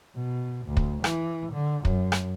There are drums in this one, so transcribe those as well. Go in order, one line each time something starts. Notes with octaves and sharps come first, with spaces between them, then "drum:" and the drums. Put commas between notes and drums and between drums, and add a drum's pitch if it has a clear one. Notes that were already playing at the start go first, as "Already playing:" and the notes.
B2
D2
drum: kick
E3, drum: rim click
D3
F#2, drum: kick
drum: rim click